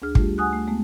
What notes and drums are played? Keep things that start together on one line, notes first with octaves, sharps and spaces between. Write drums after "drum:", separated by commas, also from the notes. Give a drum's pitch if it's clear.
D2 D4 G#4 F6
G3 A3 F4 G4, drum: kick
F#5 G#5 D#6 F#6
A3
G#3 A3 B3